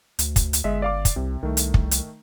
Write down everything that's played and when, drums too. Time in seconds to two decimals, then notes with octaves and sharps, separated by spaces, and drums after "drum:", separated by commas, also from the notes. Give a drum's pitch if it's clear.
0.19 D2, drum: hi-hat
0.36 drum: kick, hi-hat
0.53 drum: hi-hat
0.64 G1 G#3 D#5 E5
0.82 D5 F5 D6
1.05 drum: kick, hi-hat
1.16 C2 C3
1.43 C2 D#3 A3
1.57 drum: hi-hat
1.74 drum: kick
1.91 drum: hi-hat